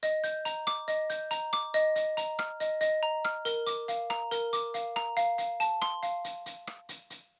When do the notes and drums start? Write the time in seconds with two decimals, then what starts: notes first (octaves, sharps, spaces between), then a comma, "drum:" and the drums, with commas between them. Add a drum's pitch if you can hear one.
0.03 D#5, drum: hi-hat
0.24 G6, drum: hi-hat
0.45 A#5, drum: hi-hat
0.67 D6, drum: rim click
0.88 D#5, drum: hi-hat
1.10 G6, drum: hi-hat
1.31 A#5, drum: hi-hat
1.53 D6, drum: rim click
1.74 D#5, drum: hi-hat
1.96 D#5, drum: hi-hat
2.17 A#5, drum: hi-hat
2.39 F6, drum: rim click
2.60 D#5, drum: hi-hat
2.81 D#5, drum: hi-hat
3.03 A#5
3.25 F6, drum: rim click
3.45 A#4, drum: hi-hat
3.67 D6, drum: hi-hat
3.88 F5, drum: hi-hat
4.10 A#5, drum: rim click
4.31 A#4, drum: hi-hat
4.53 D6, drum: hi-hat
4.74 F5, drum: hi-hat
4.96 A#5, drum: rim click
5.17 F5, drum: hi-hat
5.38 F5, drum: hi-hat
5.60 A5, drum: hi-hat
5.82 C6, drum: rim click
6.03 F5, drum: hi-hat
6.24 drum: hi-hat
6.46 drum: hi-hat
6.67 drum: rim click
6.89 drum: hi-hat
7.10 drum: hi-hat